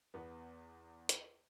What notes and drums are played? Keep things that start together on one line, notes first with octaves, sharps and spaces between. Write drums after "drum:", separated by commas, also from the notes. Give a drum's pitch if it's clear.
E2 B3
drum: hi-hat